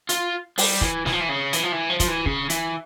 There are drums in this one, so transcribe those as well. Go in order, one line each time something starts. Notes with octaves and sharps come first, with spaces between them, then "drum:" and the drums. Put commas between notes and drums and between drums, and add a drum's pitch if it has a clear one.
F4, drum: hi-hat
G3, drum: open hi-hat
E3, drum: kick
E3, drum: snare
F3
E3
C#3
E3, drum: hi-hat
F3
E3
F3
F3, drum: kick, hi-hat
E3
C#3, drum: kick
E3, drum: hi-hat